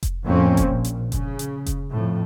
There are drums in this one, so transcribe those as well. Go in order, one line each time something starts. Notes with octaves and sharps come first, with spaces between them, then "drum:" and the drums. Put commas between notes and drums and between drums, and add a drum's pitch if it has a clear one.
drum: kick F1, hi-hat
F2 A2 A#3 C4 C#4
drum: kick F1, hi-hat
A#1 A#2
drum: hi-hat
C#3, drum: kick F1, hi-hat
drum: hi-hat
drum: kick F1, hi-hat
F2 A2